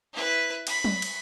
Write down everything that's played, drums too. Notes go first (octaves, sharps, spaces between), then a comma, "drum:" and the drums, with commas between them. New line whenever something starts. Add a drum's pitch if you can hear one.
E4 B4
B5, drum: cymbal
drum: tom F#3
drum: cymbal